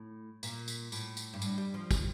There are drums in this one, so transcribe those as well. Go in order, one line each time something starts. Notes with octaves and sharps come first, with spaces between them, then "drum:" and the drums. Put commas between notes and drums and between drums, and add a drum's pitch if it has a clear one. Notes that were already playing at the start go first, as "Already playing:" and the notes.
Already playing: A2
A#2, drum: tambourine
drum: tambourine
A2, drum: tambourine
drum: tambourine
G2
A2, drum: tambourine
G3
F3
drum: kick, tambourine